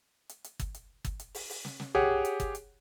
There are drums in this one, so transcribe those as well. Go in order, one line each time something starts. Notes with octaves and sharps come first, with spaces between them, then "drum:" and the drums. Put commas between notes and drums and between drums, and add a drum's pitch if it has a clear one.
drum: hi-hat
drum: hi-hat
drum: kick, hi-hat
drum: hi-hat
drum: kick, hi-hat
drum: hi-hat
drum: open hi-hat
drum: open hi-hat
drum: snare
drum: snare
G4 G#4 C#5 F#5, drum: tom B1
drum: hi-hat
drum: kick, hi-hat
drum: hi-hat